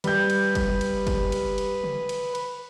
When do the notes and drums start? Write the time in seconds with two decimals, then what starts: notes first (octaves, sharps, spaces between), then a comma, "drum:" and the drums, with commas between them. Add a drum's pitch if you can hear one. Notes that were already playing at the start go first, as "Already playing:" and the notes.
0.04 G3 B4 G6, drum: cymbal
0.30 drum: cymbal
0.55 drum: kick, cymbal
0.81 drum: cymbal
1.07 drum: kick, cymbal
1.32 drum: cymbal
1.58 drum: cymbal
1.84 drum: tom C#3
2.09 drum: cymbal
2.35 drum: cymbal